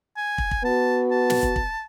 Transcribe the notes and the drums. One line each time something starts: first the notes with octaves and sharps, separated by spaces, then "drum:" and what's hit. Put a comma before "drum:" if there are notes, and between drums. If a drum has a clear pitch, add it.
G#5
drum: kick
drum: kick
B3 F#4 A5
A5
drum: snare
drum: kick
drum: kick